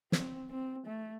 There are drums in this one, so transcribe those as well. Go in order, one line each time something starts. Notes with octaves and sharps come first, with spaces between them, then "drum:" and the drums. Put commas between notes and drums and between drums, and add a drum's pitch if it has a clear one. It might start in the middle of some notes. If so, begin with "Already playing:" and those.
C4, drum: snare
C4
A3